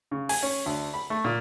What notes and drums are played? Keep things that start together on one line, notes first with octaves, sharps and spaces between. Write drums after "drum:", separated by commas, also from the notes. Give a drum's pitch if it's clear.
C#3
G#5, drum: open hi-hat
C#4
D2
B5
A3
A#2